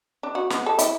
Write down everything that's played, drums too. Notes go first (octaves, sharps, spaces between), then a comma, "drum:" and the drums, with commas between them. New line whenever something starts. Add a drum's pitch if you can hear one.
D4
F#4
B3, drum: snare
A4
E4, drum: hi-hat